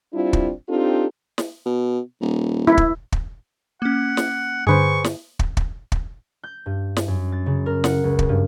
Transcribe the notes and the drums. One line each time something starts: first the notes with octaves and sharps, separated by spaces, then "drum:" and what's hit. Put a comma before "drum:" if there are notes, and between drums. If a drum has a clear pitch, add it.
G3 C4 D4 E4 F4
drum: kick
C4 D4 D#4 F4 G4 A4
drum: snare
B2
D#1
E4
drum: kick
drum: kick
A#3 C#4 F#5
drum: snare
G2 D3 G#4 B4 C5 C#6
drum: snare
drum: kick
drum: kick
drum: kick
G6
G2
drum: snare
F#2
A6
C#3
A#4
F#5, drum: snare
C#2
drum: kick
G2